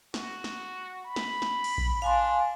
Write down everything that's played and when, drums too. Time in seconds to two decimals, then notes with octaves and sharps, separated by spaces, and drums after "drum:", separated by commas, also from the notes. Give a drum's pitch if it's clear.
0.14 F#4, drum: snare
0.44 drum: snare
1.04 B5
1.16 drum: snare
1.42 drum: snare
1.64 drum: cymbal
1.78 drum: kick A#1
2.02 D4 F5 G#5 C6